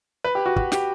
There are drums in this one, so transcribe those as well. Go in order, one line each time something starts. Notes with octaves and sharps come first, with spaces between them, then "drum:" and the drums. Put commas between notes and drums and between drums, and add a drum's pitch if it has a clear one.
B4
G4
F#4
F#4, drum: kick
G4, drum: snare